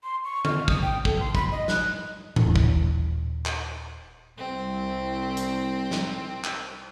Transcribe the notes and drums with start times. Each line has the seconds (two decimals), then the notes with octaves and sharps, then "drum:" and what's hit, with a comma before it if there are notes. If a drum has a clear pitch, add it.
0.03 C6
0.24 C#6
0.45 F6, drum: tom D3
0.68 D#6, drum: kick
0.82 G5
1.05 A4, drum: kick
1.20 C6
1.35 B5, drum: kick
1.52 D#5
1.68 F#6, drum: snare
2.36 D#1 E3, drum: tom A2
2.56 drum: kick
3.46 drum: clap
4.38 C2 C4
5.37 drum: hi-hat
5.91 drum: snare
6.44 drum: clap